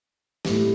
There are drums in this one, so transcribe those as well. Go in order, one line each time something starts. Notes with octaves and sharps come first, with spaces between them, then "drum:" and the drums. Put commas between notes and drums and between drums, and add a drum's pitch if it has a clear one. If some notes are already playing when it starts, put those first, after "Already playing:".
A2 G3, drum: snare